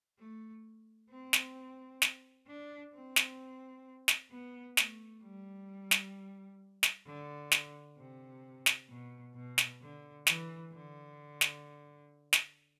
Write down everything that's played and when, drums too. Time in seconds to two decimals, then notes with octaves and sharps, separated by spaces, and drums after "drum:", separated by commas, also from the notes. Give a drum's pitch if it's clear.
0.19 A3
1.10 C4
1.33 drum: snare
2.02 drum: snare
2.47 D4
2.94 C4
3.16 drum: snare
4.08 drum: snare
4.30 B3
4.77 A3, drum: snare
5.22 G3
5.91 drum: snare
6.83 drum: snare
7.06 D3
7.52 drum: snare
7.97 C3
8.66 drum: snare
8.89 B2
9.35 B2
9.58 drum: snare
9.81 D3
10.27 E3, drum: snare
10.72 D3
11.41 drum: snare
12.33 drum: snare